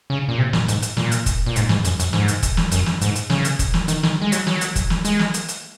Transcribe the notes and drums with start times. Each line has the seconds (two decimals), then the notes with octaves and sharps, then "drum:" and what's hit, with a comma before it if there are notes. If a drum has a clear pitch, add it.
0.10 C#3
0.28 A#2
0.38 C3
0.53 A#2, drum: snare
0.68 G#2, drum: hi-hat
0.82 drum: hi-hat
0.97 A#2, drum: snare
1.11 drum: hi-hat
1.26 drum: kick, hi-hat
1.46 A#2
1.56 G#2, drum: hi-hat
1.69 G#2, drum: snare
1.85 F#2, drum: hi-hat
1.99 F#2, drum: hi-hat
2.13 G#2, drum: snare
2.28 drum: hi-hat
2.43 drum: kick, hi-hat
2.57 drum: snare
2.71 F#2, drum: hi-hat
2.86 drum: snare
3.01 G#2, drum: hi-hat
3.15 drum: hi-hat
3.30 C#3, drum: snare
3.45 drum: hi-hat
3.59 drum: kick, hi-hat
3.74 drum: snare
3.88 D#3, drum: hi-hat
4.03 D#3, drum: snare
4.21 G#3
4.32 F#3, drum: hi-hat
4.47 F#3, drum: snare
4.61 drum: hi-hat
4.76 drum: kick, hi-hat
4.90 drum: snare
5.05 G#3, drum: hi-hat
5.19 drum: snare
5.34 drum: hi-hat
5.48 drum: hi-hat